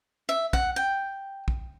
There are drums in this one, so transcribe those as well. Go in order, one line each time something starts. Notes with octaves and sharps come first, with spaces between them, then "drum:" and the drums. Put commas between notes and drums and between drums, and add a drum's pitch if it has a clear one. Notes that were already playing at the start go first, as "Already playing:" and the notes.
E5
F#5, drum: kick
G5
drum: kick